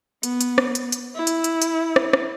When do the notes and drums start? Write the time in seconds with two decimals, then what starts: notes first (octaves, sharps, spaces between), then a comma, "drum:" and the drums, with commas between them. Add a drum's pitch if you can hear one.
0.23 B3, drum: hi-hat
0.41 drum: hi-hat
0.58 drum: rim click
0.75 drum: hi-hat
0.92 drum: hi-hat
1.16 E4
1.27 drum: hi-hat
1.44 drum: hi-hat
1.62 drum: hi-hat
1.96 drum: rim click
2.13 drum: rim click